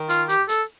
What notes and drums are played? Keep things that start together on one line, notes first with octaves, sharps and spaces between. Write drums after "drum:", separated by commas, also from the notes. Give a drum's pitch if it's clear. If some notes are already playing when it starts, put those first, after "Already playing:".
Already playing: D#3
F4, drum: hi-hat
G4, drum: hi-hat
A4, drum: hi-hat